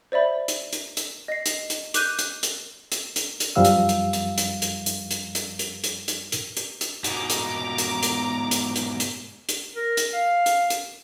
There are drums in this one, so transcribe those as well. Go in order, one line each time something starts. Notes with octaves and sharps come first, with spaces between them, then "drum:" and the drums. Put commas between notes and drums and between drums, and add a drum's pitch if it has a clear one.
C5 D5 E5 B5
drum: hi-hat
drum: hi-hat
drum: hi-hat
D#5 C7
drum: hi-hat
drum: hi-hat
D6 F#6 G6 D#7, drum: hi-hat
drum: hi-hat
drum: hi-hat
drum: hi-hat
drum: hi-hat
drum: hi-hat
F#2 F3 G3 F5 E6
drum: hi-hat
drum: hi-hat
drum: hi-hat
drum: hi-hat
drum: hi-hat
drum: hi-hat
drum: hi-hat
drum: hi-hat
drum: hi-hat
drum: hi-hat
drum: hi-hat
drum: hi-hat
drum: hi-hat
drum: hi-hat
G#2 B2 A#5 D6, drum: hi-hat
drum: hi-hat
drum: hi-hat
drum: hi-hat
drum: hi-hat
drum: hi-hat
drum: hi-hat
drum: hi-hat
A#4
drum: hi-hat
F5
drum: hi-hat
drum: hi-hat